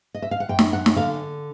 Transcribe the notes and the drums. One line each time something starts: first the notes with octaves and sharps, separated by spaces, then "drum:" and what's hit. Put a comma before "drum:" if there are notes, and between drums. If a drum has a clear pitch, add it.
D#5
E5
F5
F#5
F#2 G5
drum: snare
F#5
drum: snare
D3 F5